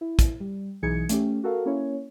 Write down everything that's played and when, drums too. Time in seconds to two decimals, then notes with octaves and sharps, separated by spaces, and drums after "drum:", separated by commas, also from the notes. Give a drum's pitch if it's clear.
0.01 E4
0.19 drum: kick, hi-hat
0.40 G3
0.82 B1 E3 D#4 G#4 G#6 C#7
1.09 A3 C#4 G4, drum: hi-hat
1.44 F#4 A4 A#4 F5
1.65 A#3 C#4 E4 C#5